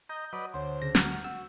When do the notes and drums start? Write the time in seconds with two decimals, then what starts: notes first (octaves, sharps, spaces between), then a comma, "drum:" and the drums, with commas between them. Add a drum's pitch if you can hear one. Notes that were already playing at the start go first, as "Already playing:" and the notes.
0.09 D#5 A#5 G6
0.33 F#3 B4 D5 D#5
0.54 D2 C5 C#5 F#5
0.82 C#3 A#6
0.95 F#4 A#5 F6 G6, drum: snare
1.24 F#4 E6